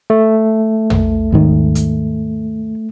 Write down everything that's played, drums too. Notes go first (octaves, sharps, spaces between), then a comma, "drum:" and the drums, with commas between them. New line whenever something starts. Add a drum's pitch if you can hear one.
A3
drum: tom
D#2 G#2 D#3
drum: hi-hat